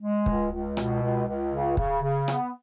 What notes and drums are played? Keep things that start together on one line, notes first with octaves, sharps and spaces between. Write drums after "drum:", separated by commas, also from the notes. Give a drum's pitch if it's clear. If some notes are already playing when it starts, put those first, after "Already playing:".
G#3
C#2, drum: kick
C#2
B2, drum: rim click
C#2
C#2
C#3
C#3, drum: kick
C#3
B3, drum: rim click